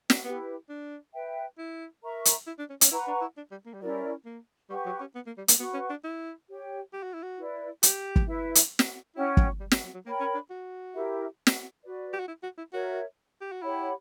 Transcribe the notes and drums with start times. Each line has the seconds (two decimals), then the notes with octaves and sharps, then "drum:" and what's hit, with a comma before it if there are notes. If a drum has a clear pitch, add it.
0.10 D4, drum: snare
0.24 B3 E4 G4 B4
0.69 D4
1.14 B4 E5 G5
1.58 E4
2.02 A#4 E5 A#5 C#6
2.25 drum: hi-hat
2.47 E4
2.59 D4
2.70 C#4
2.81 C#4, drum: hi-hat
2.91 E4 B4 F#5 A#5 C#6
3.07 D4
3.21 E4
3.37 D4
3.51 G3
3.65 A#3
3.74 G3
3.81 F#3 C#4 E4 A#4 D5
3.89 G3
4.25 A#3
4.69 G3 G4 B4 F#5 C#6
4.86 F#3
5.00 C#4
5.15 B3
5.26 A#3
5.38 G3
5.48 A#3, drum: hi-hat
5.59 B3 F#4 B4 F#5 C#6
5.74 C#4
5.90 D4
6.04 E4
6.48 G4 C#5 G5
6.93 G4
7.03 F#4
7.14 E4
7.23 F#4
7.37 E4 B4 D5
7.83 G4, drum: hi-hat
8.16 drum: kick
8.27 E4 B4 E5
8.55 drum: hi-hat
8.79 drum: snare
9.15 C#4 E4 F#4 C#5 G5
9.37 drum: kick
9.60 G3
9.71 F#3, drum: snare
9.83 F#3
9.94 F#3
10.05 A#3 A#4 C#5 G5 B5
10.20 C#4
10.34 D4
10.50 F#4
10.94 E4 G4 A#4 E5
11.47 drum: snare
11.83 F#4 B4 D5
12.13 G4
12.20 F#4
12.27 E4
12.43 F#4
12.57 E4
12.72 F#4 A#4 C#5 E5
13.41 G4
13.52 F#4
13.62 E4 G4 C#5 F#5 B5